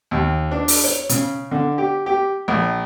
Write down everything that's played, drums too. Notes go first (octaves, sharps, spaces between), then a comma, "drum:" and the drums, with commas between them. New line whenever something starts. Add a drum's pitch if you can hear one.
D#2
D4
drum: open hi-hat
C#5
C#3, drum: hi-hat
D3
G4
G4
A#1